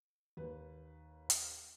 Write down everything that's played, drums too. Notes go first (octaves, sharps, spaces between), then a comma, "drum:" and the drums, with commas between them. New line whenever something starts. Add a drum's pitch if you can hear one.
D#2 B4
drum: hi-hat